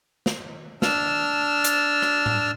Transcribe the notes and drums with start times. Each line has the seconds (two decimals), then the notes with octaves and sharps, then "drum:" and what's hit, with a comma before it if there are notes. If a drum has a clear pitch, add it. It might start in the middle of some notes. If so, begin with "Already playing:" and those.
0.26 drum: snare
0.82 D4 A5 E6 F6, drum: snare
1.64 drum: hi-hat
2.02 drum: rim click
2.26 drum: tom A2